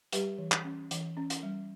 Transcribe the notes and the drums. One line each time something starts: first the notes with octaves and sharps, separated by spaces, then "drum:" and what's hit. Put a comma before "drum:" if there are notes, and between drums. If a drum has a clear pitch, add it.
G3 G4 B4, drum: hi-hat
E3
drum: clap
C#4
E3, drum: hi-hat
C#4
drum: hi-hat
G3